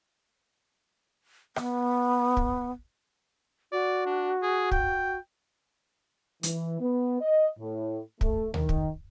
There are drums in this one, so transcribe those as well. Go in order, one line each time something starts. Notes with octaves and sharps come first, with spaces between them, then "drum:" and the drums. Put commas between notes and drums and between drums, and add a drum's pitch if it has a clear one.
B3, drum: rim click
drum: kick
F#4 D5
D4
G#4
G5, drum: kick
E3, drum: hi-hat
B3
D#5
A2
A3, drum: kick
D#3, drum: tom D2
drum: kick